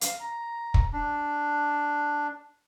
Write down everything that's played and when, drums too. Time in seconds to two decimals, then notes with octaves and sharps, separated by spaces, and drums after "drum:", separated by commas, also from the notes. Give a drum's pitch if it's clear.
0.01 F5, drum: hi-hat
0.20 A#5
0.74 drum: kick
0.93 D4